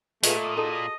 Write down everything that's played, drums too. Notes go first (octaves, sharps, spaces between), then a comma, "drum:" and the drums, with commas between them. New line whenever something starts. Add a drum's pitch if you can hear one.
A#2 A3 F4 G#4 B4 D#5, drum: open hi-hat
D#6
D#4 F#4 G#4 A4
D#5